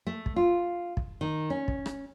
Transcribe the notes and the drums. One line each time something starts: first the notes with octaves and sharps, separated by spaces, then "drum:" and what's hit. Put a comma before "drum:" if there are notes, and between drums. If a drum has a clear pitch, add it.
A3
drum: kick
F4
drum: kick
D#3
C#4
drum: kick
drum: rim click